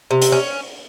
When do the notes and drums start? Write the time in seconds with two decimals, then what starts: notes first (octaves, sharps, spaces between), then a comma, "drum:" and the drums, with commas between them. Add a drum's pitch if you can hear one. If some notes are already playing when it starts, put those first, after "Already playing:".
0.11 C3
0.22 drum: hi-hat
0.32 C#4